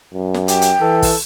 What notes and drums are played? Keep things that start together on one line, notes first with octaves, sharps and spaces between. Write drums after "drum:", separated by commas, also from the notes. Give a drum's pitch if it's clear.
F#2
drum: snare
G4 G5, drum: hi-hat
drum: hi-hat
E3 A4
drum: kick, open hi-hat